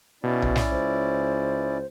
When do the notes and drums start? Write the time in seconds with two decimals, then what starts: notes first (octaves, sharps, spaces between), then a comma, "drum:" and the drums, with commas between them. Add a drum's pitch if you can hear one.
0.24 B2 C#4 E4 D5
0.42 drum: tom B1
0.56 drum: snare
0.71 C#2 C5